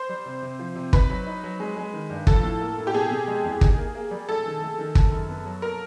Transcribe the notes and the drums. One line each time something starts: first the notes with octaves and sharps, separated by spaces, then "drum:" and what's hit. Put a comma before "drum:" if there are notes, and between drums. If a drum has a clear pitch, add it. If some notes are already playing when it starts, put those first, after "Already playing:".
Already playing: C5
G3
C3
C3
F3
C3
D#4 B4, drum: kick
F#3
D#4
F#3
G#3
G#3
D#3
G2
F3 A4, drum: kick
A2
A#3
A2
G4
B2 G#4
B2
G#3
E2
D#4, drum: kick
A#3
A#3
G3
A3 A4
D#3
A3
D#3
D#3, drum: kick
F#2
B3
F#3
A#4